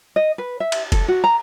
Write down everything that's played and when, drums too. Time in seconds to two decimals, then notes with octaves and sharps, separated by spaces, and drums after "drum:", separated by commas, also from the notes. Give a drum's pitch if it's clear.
0.16 D#5
0.38 B4
0.60 E5
0.72 drum: cymbal
0.92 A4, drum: kick F#1, cymbal
1.08 F#4
1.24 A#5